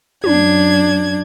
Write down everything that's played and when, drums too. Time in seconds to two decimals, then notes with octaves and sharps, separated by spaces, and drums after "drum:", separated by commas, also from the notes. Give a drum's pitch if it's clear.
0.24 F#2 D4 G#6, drum: tom